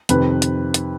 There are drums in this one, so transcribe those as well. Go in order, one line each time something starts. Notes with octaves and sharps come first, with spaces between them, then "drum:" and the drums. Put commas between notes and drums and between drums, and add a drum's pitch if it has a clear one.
F2 C3 D#3 B4, drum: hi-hat
drum: hi-hat
drum: hi-hat